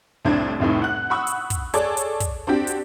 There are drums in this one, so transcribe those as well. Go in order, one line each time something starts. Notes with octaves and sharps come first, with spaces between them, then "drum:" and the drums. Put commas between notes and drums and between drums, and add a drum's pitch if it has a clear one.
C2 F2 A2 C4 D4 G#6
F1 C2 A2 D#4
F#5 F#6
F#5 B5 C#6 D#6 E6 F#6
drum: hi-hat
drum: kick, hi-hat
G#4 A4 C#5 D5, drum: hi-hat
drum: hi-hat
drum: kick, hi-hat
C4 D4 F#4 G4
drum: hi-hat